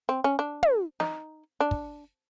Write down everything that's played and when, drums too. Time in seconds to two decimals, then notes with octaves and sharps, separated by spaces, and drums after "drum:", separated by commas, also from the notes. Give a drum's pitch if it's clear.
0.09 C4
0.24 C#4
0.39 D4
0.63 drum: tom
1.00 D#4, drum: snare
1.60 D4
1.71 drum: kick